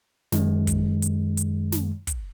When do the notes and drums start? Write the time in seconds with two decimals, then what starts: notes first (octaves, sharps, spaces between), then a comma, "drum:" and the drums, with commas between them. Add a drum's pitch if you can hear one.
0.32 F#2 D#3 G#3, drum: snare
0.67 drum: kick, hi-hat
1.02 drum: hi-hat
1.37 drum: hi-hat
1.72 drum: snare
2.07 drum: kick, hi-hat